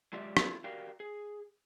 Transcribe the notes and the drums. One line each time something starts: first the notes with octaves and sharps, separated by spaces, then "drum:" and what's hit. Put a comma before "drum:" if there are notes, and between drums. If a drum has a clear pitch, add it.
F#3 G#3 F4 G4 D5 E5
E4 F4 A4, drum: rim click
F#4 G4 A#4 D5 F5 G5
G#4